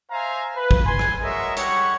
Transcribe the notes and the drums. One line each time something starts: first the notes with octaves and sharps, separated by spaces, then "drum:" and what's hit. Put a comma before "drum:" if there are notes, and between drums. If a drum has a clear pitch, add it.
C5 E5 F5 G#5 A#5
B4
drum: kick
G#5 C6
drum: rim click
G#3 F#4 A#4 C#5 D#5 E5
G3 G#3 C#5 F#5 C#6, drum: hi-hat